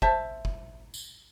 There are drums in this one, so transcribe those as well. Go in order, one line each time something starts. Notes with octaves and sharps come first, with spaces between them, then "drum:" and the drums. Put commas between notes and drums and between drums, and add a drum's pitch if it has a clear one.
C5 E5 A5, drum: kick
drum: kick
drum: tambourine